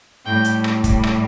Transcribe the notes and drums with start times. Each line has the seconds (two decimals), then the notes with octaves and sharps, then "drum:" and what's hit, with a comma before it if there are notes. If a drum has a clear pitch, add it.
0.25 A2 G3 G5
0.44 drum: hi-hat
0.64 drum: rim click
0.84 drum: kick, hi-hat
1.03 drum: rim click